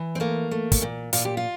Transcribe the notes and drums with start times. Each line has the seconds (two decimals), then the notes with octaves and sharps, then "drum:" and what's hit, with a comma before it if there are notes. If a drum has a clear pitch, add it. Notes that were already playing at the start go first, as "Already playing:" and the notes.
Already playing: E3
0.15 C4
0.20 A3 A#3
0.51 A3
0.72 drum: kick, hi-hat
0.82 A#2
1.13 A#2 F4, drum: hi-hat
1.25 G4
1.37 F4